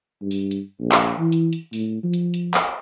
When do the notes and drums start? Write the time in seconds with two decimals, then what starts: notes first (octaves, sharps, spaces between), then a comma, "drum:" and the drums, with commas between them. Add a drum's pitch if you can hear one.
0.22 G2
0.31 drum: open hi-hat
0.51 drum: hi-hat
0.80 A#1
0.92 drum: clap
1.19 E3
1.32 drum: hi-hat
1.53 drum: hi-hat
1.73 A2, drum: open hi-hat
2.03 F3
2.14 drum: hi-hat
2.34 drum: hi-hat
2.54 drum: clap